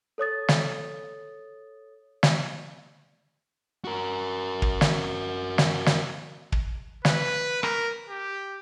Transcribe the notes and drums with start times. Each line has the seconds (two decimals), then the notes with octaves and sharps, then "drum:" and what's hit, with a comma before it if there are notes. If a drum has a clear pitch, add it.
0.18 A4 C#5 D#6 A6
0.48 drum: snare
2.23 drum: snare
3.84 F#4 A#4
4.62 drum: kick
4.81 drum: snare
5.58 drum: snare
5.86 drum: snare
6.52 drum: kick
7.05 B4, drum: snare
7.63 A#4, drum: rim click
8.09 G4